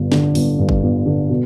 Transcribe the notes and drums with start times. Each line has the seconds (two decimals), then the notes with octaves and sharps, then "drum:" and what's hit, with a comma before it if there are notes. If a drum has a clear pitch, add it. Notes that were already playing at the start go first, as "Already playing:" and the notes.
Already playing: G1 G2
0.12 D3, drum: snare
0.35 G1, drum: open hi-hat
0.59 G2
0.69 drum: kick
0.83 G1
1.06 D3
1.30 B2